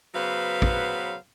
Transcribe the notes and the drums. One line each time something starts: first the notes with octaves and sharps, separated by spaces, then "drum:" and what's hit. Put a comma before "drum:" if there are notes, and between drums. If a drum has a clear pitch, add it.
C#3 F#3 B3 B4 C5 F5
drum: kick